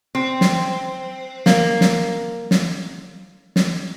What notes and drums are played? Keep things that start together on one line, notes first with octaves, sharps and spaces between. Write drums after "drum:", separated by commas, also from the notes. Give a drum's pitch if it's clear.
C4
drum: snare
A#3, drum: snare
drum: snare
drum: snare
drum: snare